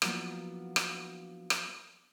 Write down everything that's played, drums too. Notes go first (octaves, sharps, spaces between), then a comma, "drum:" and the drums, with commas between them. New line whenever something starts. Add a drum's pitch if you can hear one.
F3 F#3 A#3 B3 D4 E4, drum: rim click
drum: rim click
drum: rim click